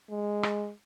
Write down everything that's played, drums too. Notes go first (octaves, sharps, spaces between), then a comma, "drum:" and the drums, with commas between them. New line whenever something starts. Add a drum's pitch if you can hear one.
G#3
drum: rim click